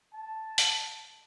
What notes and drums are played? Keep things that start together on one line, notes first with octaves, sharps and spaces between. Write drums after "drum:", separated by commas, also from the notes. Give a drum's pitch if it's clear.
A5
drum: hi-hat